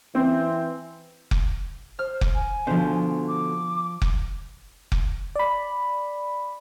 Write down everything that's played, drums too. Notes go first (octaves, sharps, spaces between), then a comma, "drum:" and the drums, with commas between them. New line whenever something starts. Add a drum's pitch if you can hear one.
E3 C4
drum: kick F1
C5 F6
drum: kick F1
G#5
B2 D3 F3 C5
D6
drum: kick F1
drum: kick F1
D5 B5